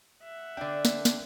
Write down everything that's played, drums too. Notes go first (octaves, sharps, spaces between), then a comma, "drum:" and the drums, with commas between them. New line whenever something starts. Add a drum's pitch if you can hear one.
E5 F#5
D3 D4 D5 G5
drum: snare
drum: snare